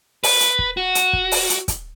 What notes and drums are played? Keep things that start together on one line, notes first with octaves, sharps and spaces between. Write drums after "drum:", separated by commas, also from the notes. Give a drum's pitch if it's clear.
B4, drum: open hi-hat
drum: hi-hat
drum: kick
F#4
drum: hi-hat
drum: kick
drum: open hi-hat
drum: hi-hat
drum: kick, hi-hat